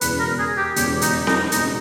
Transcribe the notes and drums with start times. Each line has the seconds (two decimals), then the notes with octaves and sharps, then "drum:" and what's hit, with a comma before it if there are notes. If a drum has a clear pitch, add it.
0.01 E1 E2 C#3 B4, drum: hi-hat
0.19 A#4
0.39 G#4
0.57 G4
0.76 E1 E2 C#3 G4, drum: hi-hat
1.01 D#4, drum: hi-hat
1.27 D#4, drum: snare C4
1.52 E1 E2 C#3 D#4, drum: hi-hat